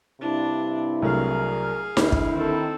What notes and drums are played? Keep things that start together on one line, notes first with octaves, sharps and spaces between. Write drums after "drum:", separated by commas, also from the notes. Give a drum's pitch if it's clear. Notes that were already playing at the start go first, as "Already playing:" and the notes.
G2 C3 D4 E4
C2 F#3 A3 G#4 A#4 F5
D2 E4, drum: snare D#4
drum: kick
D#3 C4 A4